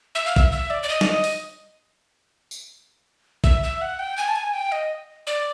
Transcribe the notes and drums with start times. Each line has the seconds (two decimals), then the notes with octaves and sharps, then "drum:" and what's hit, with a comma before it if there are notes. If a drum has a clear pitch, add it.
0.15 E5
0.26 F5
0.36 E5, drum: kick
0.51 E5
0.70 D5
0.83 D5
0.89 D#5
1.01 D5, drum: snare
1.06 D#5
1.24 drum: open hi-hat
2.51 drum: tambourine
3.44 E5, drum: kick
3.63 E5
3.81 F#5
3.99 G5
4.18 G#5
4.28 A5
4.35 G#5
4.54 G5
4.72 D#5
5.27 D5